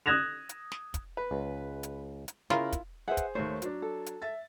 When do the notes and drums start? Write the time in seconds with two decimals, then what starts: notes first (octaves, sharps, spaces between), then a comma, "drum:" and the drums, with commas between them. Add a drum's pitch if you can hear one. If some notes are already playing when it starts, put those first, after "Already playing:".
0.06 D#6 F#6 G#6 A#6 E7 F7
0.49 drum: hi-hat
0.72 drum: snare
0.94 drum: kick, hi-hat
1.17 B4
1.31 C#2
1.83 drum: hi-hat
2.28 drum: hi-hat
2.50 C#3 E4 F4 A#4, drum: snare
2.72 drum: kick, hi-hat
3.08 G#4 B4 C5 E5 F#5
3.17 drum: kick, hi-hat
3.35 D#2 A3 A#4 C5 C#5
3.62 F#3 D4, drum: hi-hat
3.82 A4
4.06 drum: hi-hat
4.22 E5 A6